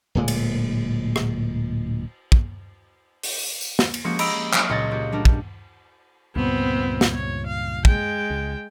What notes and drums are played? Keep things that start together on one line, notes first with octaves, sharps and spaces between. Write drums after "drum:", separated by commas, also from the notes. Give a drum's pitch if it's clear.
D1 A#2 G#3
drum: cymbal
drum: rim click
drum: kick
drum: open hi-hat
drum: tambourine
drum: snare
drum: cymbal
F3 G#3 A#3 C#4 F#4 G4
D#5 A#5 B5 E6 D7, drum: cymbal
F#3, drum: clap
C#2 A#2 F#4 D#5 G#6 A6
A#3 F#4 G4
G3 D4 A#4
drum: kick
C#2 G2 A#2 B3 C4
drum: snare
C#5
F5
G#3 G5, drum: kick
C#2